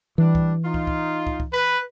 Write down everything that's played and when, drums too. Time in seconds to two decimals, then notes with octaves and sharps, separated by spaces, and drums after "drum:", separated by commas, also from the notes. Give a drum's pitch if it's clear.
0.18 E3 G3 D4
0.35 drum: kick
0.64 D#4 F4
0.74 drum: kick
0.87 drum: kick
1.27 drum: kick
1.40 drum: kick
1.53 B4